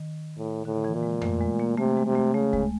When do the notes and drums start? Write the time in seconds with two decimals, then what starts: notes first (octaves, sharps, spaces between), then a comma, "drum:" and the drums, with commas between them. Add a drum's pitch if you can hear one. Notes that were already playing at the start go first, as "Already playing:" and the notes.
Already playing: D#3
0.38 A2
0.65 A2 D3
0.84 E3
0.94 A#2
1.03 G#3
1.22 A3, drum: tom F2
1.41 G#3
1.60 A#3
1.78 C3 A3
1.97 G#3
2.06 C3
2.15 A3
2.34 C#3 A3
2.53 G#3, drum: kick C#2